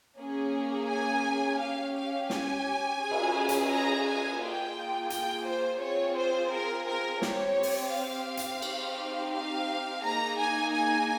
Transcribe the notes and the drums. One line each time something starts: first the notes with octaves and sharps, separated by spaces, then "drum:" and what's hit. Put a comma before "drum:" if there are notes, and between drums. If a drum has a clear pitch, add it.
A#3 C#4 G#4
G#5
C#4 G4 F5
F5
G#5, drum: snare
C#4 G#4
drum: cymbal
drum: hi-hat
A#5
G#5
A#3 F4 G#4 G5
G5, drum: hi-hat
C5
C4 F4 G#4 C#5
C5
A#4
A#4
C4 G4 C#5, drum: snare
drum: open hi-hat
F5
drum: hi-hat
C4 D#4 G4, drum: cymbal
F5
A#3 D#4 G#4 A#5
G#5
G#5